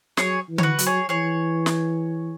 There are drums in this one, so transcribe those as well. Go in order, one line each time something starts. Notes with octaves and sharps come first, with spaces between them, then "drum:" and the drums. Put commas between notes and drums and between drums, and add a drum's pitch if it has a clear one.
F#3 G#4 C#5, drum: snare
E3
C#5, drum: tom D3
F#4 B4
F#3, drum: hi-hat
G#4 C#5
E3 G#4 C#5
drum: snare